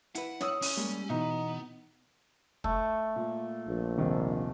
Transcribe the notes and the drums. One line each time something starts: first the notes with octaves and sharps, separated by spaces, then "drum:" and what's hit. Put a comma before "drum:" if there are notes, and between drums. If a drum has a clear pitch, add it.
E4 B4 F#5, drum: hi-hat
C#5 D#6 E6, drum: snare
C#4, drum: open hi-hat
G3 G#3 A#3
B2 E3 B3 D#4
A3, drum: kick
A#2
A#1
D#1 C3 D#3